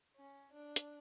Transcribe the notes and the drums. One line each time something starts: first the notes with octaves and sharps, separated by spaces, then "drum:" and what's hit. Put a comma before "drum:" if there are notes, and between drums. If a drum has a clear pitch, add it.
C#4
D4
drum: hi-hat